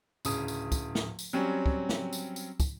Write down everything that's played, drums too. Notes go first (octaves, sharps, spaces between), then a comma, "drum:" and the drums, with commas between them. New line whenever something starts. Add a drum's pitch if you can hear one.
D1 C#3 D#6, drum: tambourine
drum: tambourine
drum: kick, tambourine
drum: snare
drum: tambourine
F#3 G3 C4 C#4
drum: kick
drum: snare
drum: tambourine
drum: tambourine
drum: kick, tambourine